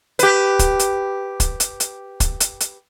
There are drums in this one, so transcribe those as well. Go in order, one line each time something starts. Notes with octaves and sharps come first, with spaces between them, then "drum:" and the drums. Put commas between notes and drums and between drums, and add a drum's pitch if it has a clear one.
G4 B4, drum: hi-hat
drum: kick, hi-hat
drum: hi-hat
drum: kick, hi-hat
drum: hi-hat
drum: hi-hat
drum: kick, hi-hat
drum: hi-hat
drum: hi-hat